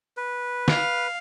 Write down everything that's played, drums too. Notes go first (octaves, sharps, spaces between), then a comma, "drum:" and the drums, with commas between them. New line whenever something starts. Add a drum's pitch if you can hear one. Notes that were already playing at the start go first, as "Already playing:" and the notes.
B4
F5, drum: snare